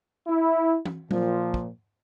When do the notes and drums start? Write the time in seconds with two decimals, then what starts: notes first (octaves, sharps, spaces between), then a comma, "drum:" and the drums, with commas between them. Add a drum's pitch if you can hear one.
0.27 E4
0.85 drum: tom E3
1.11 A#2 F3, drum: tom F#3
1.54 drum: kick